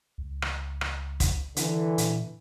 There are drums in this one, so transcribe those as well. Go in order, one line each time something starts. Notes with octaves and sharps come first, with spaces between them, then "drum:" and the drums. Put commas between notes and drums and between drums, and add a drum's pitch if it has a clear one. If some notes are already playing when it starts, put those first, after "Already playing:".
C#2
drum: rim click
drum: rim click
drum: kick, hi-hat
D3 E3, drum: hi-hat
A#2, drum: hi-hat